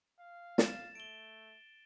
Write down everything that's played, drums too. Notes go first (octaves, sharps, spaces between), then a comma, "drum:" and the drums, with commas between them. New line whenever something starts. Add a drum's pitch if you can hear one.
F5
A6 E7, drum: snare
A3 D7 G7